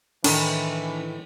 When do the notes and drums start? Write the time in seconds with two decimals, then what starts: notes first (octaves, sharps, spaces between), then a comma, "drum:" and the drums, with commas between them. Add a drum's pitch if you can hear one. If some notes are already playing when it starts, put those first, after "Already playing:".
0.24 A2 D#3 E3 D4, drum: cymbal